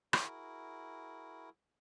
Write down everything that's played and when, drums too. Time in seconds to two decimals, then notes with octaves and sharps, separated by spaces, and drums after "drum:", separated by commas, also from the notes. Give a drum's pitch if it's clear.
0.13 E4 F#4 G#4 A#4, drum: rim click